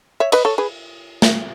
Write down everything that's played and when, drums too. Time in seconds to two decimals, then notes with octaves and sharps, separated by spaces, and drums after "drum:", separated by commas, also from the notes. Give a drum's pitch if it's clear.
0.20 C#5 E5
0.32 B4 D#5, drum: cymbal
0.45 A4 C#5
0.58 G#4 B4
1.22 drum: snare